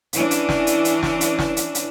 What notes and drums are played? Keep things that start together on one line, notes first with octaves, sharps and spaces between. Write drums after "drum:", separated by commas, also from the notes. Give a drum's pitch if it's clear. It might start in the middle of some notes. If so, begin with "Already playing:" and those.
E3 C#4 D4, drum: hi-hat
drum: hi-hat
drum: snare
drum: hi-hat
drum: hi-hat
drum: snare
drum: hi-hat
drum: snare
drum: hi-hat
drum: hi-hat